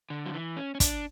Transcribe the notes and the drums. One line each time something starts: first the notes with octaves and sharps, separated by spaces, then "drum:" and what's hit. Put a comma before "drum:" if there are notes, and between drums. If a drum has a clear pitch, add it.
D3
F#3
E3
C#4
C#4
D4, drum: kick, hi-hat